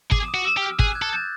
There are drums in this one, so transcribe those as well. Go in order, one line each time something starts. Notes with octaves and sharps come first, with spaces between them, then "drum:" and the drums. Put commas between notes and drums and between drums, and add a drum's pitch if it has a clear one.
G#4 D6, drum: kick
D#6
F#4
E6
G4
F6
G#4 F#6, drum: kick
F#6 G#6
A4
G6 A6